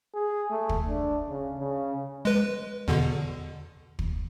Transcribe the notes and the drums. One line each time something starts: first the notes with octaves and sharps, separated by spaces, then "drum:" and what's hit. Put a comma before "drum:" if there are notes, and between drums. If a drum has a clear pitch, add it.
G#4
A3
drum: kick
D4
C#3
C#3
G#3 B4
E2 B2 D3
drum: kick